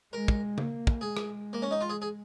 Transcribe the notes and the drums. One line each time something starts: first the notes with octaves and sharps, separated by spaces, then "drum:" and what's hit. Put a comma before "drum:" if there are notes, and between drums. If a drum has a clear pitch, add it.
G#3 A#4
drum: kick
A#3, drum: tom C#3
drum: kick
G#3 G#4
drum: rim click
A#3
C#4
D#4
F4
G#4
G#4